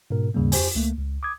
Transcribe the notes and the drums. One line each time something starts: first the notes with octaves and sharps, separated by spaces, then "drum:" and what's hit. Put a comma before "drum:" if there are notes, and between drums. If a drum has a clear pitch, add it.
G#2 B2 A#4
D#2 G#2 C#3 G3 A#3
F2 G4 C5 G#5, drum: open hi-hat
C#2 A3 A#3
C#2
D6 D#6 G#6